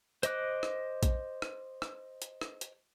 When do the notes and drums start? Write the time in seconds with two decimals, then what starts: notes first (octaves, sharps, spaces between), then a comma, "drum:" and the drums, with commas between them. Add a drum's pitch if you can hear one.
0.23 C5 D#5 D6 F#6, drum: hi-hat
0.63 drum: rim click
1.03 drum: kick A#1, hi-hat
1.42 drum: rim click
1.82 drum: rim click
2.22 drum: hi-hat
2.41 drum: rim click
2.61 drum: hi-hat